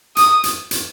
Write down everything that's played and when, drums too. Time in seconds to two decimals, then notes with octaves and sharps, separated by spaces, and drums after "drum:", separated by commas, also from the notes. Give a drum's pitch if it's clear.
0.17 D#6, drum: hi-hat
0.44 drum: hi-hat
0.71 drum: hi-hat